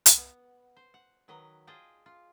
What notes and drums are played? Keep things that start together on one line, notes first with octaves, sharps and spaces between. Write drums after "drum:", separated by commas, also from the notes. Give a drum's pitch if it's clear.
drum: hi-hat
B3
C5
F#5
D#3 F#3 B4 D#5
F4 G#4 D5 D#5 G5 A5
F4